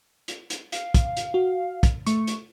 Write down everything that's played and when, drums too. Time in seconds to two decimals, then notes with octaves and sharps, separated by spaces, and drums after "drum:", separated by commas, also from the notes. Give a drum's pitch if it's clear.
0.28 drum: hi-hat
0.50 drum: hi-hat
0.72 F5, drum: hi-hat
0.94 drum: kick, hi-hat
1.17 drum: hi-hat
1.34 F#4
1.83 drum: kick, hi-hat
2.06 A3 C#6, drum: hi-hat
2.27 drum: hi-hat